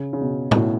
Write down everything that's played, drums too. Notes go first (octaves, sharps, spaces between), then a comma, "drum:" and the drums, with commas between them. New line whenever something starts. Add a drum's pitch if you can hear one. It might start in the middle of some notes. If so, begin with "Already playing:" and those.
Already playing: C#3
C#3
B2
B2, drum: tom
A2